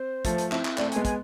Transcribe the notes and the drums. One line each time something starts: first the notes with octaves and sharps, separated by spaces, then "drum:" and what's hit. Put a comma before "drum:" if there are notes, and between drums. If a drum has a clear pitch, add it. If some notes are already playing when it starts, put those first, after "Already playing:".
Already playing: C4 C5
F3 A3, drum: kick, hi-hat
drum: hi-hat
C4 E4, drum: clap
drum: clap
A3 C4 D5, drum: clap
G#5, drum: hi-hat
G#3 B3
G#5, drum: kick, hi-hat